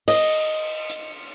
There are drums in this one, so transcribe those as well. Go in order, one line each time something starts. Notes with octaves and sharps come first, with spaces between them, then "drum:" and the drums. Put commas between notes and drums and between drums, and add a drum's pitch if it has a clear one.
D#5, drum: cymbal
drum: hi-hat